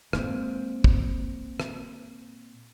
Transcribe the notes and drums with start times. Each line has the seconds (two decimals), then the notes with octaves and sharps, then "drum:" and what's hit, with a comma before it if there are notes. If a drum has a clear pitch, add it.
0.13 A#2 G#3 C4, drum: rim click
0.84 drum: kick
1.60 drum: rim click